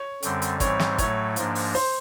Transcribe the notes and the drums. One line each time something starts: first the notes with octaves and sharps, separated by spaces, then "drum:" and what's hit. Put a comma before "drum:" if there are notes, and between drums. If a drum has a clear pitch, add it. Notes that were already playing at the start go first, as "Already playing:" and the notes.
Already playing: C#5
F#2 D3 G3 C4, drum: hi-hat
drum: hi-hat
G#2 E3 G3 C4 C#5, drum: kick, hi-hat
drum: snare
A2 F#3 A3 C#5, drum: kick, hi-hat
G#2 F3 A#3 D4, drum: hi-hat
drum: open hi-hat
C5, drum: open hi-hat